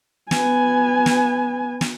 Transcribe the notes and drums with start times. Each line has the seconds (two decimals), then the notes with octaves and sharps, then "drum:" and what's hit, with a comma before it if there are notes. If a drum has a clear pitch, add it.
0.31 B3 G#5, drum: snare
1.06 drum: snare
1.81 drum: snare